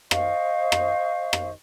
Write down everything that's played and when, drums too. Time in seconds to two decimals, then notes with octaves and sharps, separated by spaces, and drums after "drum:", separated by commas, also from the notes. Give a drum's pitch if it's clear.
0.11 C5 D#5 F5 C#6, drum: rim click
0.72 drum: rim click
1.33 drum: rim click